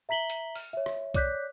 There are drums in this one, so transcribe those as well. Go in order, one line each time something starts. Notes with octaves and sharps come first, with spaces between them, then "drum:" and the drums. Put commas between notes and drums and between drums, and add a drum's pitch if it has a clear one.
E5 A#5 B6 F#7 G7
drum: hi-hat
F6, drum: open hi-hat
C#5 E5
drum: rim click
C#5 D5 D6 F#6 G6 B6, drum: kick B1, hi-hat